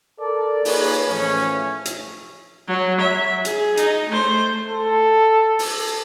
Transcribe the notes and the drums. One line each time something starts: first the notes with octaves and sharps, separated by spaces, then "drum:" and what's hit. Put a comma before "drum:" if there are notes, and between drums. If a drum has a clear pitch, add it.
A4 A#4 D5
A#3 D#4 F4 G#4 B4 C#5, drum: open hi-hat
A2 E3 F3 A3 C#4
drum: hi-hat
F#3
E5
G#4, drum: hi-hat
D#4, drum: hi-hat
A3 C5
A4
drum: open hi-hat